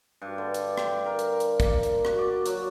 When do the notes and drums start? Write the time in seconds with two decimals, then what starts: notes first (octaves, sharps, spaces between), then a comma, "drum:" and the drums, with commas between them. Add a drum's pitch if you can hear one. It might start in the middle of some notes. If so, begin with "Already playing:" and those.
0.22 G2
0.38 D3
0.54 drum: hi-hat
0.78 G5, drum: rim click
1.06 A#4
1.19 drum: hi-hat
1.40 drum: hi-hat
1.60 A#3, drum: kick, hi-hat
1.83 drum: hi-hat
2.05 F#4, drum: rim click
2.19 D5
2.46 F#3, drum: hi-hat